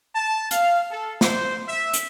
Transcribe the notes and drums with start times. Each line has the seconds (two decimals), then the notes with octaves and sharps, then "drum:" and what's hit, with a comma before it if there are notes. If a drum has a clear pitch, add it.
0.15 A5
0.51 F5, drum: hi-hat
0.91 A4
1.21 C5, drum: snare
1.66 E5
1.93 drum: hi-hat